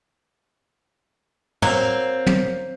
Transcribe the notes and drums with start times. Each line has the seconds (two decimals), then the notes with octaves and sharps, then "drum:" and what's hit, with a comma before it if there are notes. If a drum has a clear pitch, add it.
1.62 F#3 A#3 C4, drum: tom
2.26 drum: tom